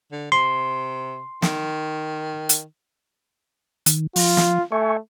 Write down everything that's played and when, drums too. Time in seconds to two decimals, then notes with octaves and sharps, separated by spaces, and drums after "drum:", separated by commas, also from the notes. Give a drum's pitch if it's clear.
0.12 D3
0.32 C3 C6
1.42 D#3, drum: snare
2.49 drum: hi-hat
3.86 D#3, drum: hi-hat
4.16 F3 F4, drum: open hi-hat
4.37 drum: snare
4.72 A3 E5 G#5 C#6